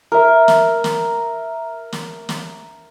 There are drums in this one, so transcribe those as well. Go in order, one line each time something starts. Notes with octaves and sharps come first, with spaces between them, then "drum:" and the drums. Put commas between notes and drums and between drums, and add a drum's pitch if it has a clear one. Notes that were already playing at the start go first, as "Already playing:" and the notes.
A#4 E5
drum: snare
drum: snare
drum: snare
drum: snare